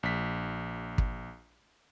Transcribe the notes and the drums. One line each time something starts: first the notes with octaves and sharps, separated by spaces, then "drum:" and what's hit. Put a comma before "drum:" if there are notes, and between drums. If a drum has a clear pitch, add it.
A#1 B6
drum: kick